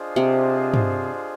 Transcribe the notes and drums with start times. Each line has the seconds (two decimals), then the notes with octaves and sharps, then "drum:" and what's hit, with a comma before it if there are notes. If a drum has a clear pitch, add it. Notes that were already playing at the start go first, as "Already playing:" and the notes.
Already playing: D4 F4 G#4 C5 D#5
0.16 C3
0.74 drum: tom